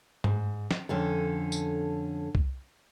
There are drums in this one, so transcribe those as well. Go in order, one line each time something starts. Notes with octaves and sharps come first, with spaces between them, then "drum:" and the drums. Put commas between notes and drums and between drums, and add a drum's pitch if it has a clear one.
G#2, drum: tom G2
drum: snare
F2 D3 C#4 A4
drum: tambourine
drum: kick C2